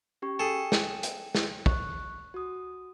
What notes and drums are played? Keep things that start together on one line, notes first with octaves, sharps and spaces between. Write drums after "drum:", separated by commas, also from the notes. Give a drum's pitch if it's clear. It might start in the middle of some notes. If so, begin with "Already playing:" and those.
C#4 G4 C#6
G#4 A4 G5
drum: snare
drum: hi-hat
drum: snare
C#6 F#6, drum: kick
F#4 D#6